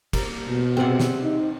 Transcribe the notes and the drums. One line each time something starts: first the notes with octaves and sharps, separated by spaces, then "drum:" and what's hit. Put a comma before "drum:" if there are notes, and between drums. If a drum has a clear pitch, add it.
G3 A#3, drum: kick, cymbal
B2
C3 G3 C4 G#4 F#5
drum: snare
D#4